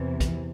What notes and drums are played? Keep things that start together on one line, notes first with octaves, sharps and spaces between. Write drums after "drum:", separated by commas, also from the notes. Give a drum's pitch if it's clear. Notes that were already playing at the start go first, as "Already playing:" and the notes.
Already playing: E2 C3 E3
drum: kick, hi-hat